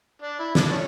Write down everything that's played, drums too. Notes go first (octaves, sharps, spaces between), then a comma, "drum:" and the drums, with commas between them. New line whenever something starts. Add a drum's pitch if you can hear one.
D4
E4
D4, drum: snare
A3 C#4